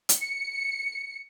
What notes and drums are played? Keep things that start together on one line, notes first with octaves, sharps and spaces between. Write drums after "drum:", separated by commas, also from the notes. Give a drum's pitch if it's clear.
drum: hi-hat
C#7